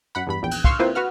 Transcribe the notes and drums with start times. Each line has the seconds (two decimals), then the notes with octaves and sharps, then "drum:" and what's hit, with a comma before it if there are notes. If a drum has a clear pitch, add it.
0.15 F#2 F#5 B5
0.27 E2 G2 B5
0.42 A#1 E2 G5
0.51 drum: cymbal
0.64 F5 C6 C#6 E6 F6, drum: kick
0.79 A#3 C4 E4 F4 B4 C5
0.95 F#4 B4 F#5 F6